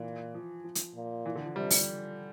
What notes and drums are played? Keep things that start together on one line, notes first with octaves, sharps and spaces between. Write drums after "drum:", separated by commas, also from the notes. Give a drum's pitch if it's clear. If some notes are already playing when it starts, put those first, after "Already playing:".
Already playing: A#2 E3
F3
F3
drum: hi-hat
A#2
E3
D3
F3
C3 G3
drum: open hi-hat